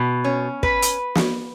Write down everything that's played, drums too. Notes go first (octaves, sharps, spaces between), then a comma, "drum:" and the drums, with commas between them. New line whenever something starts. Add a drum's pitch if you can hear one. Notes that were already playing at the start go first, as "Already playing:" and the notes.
Already playing: B2
C#4
B4, drum: kick
drum: hi-hat
drum: snare